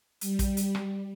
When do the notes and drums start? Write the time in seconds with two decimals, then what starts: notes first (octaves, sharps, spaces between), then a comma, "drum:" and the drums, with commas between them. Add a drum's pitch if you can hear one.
0.21 G3, drum: hi-hat
0.39 drum: kick, hi-hat
0.57 drum: hi-hat
0.75 drum: rim click